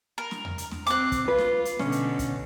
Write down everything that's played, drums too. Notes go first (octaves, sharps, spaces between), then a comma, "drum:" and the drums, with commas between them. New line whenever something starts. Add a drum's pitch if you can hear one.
A#4
drum: snare
drum: tom E2
drum: hi-hat
drum: snare
C4 D6 F#6, drum: hi-hat
drum: kick, hi-hat
F4 B4
drum: snare
drum: hi-hat
B2 D3 C#4, drum: snare
drum: hi-hat
drum: kick, hi-hat